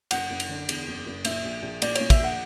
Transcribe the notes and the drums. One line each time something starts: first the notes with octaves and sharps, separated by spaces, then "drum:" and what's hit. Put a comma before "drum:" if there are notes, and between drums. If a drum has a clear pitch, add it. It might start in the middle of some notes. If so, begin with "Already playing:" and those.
F#1 F#5, drum: cymbal
F#1
drum: cymbal
D3
E2, drum: cymbal
F#1
F#1
A#2 E5, drum: cymbal
A#1
A#1
A#2 D5, drum: cymbal
A#2 C#5, drum: cymbal
E5, drum: kick, cymbal
A#1 F#5